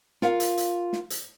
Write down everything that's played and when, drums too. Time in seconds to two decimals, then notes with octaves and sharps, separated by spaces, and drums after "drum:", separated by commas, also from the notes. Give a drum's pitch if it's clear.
0.22 F4 A#4 F5 F#5, drum: snare
0.40 drum: hi-hat
0.57 drum: hi-hat
0.93 drum: snare
1.10 drum: hi-hat